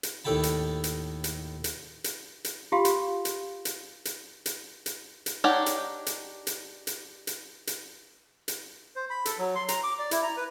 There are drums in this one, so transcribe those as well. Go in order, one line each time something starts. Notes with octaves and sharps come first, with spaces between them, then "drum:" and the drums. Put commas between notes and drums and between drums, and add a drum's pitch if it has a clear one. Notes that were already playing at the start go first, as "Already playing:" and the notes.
drum: hi-hat
D#2 A2 A4 G5 A5 B5
drum: hi-hat
drum: hi-hat
drum: hi-hat
drum: hi-hat
drum: hi-hat
drum: hi-hat
F4 G4 F5 C6
drum: hi-hat
drum: hi-hat
drum: hi-hat
drum: hi-hat
drum: hi-hat
drum: hi-hat
drum: hi-hat
D4 D#4 G4 C#5 F#5
drum: hi-hat
drum: hi-hat
drum: hi-hat
drum: hi-hat
drum: hi-hat
drum: hi-hat
drum: hi-hat
C5
B5
A4, drum: hi-hat
F#3
C6
A#5, drum: hi-hat
D6
D5
E4, drum: hi-hat
A#5
B4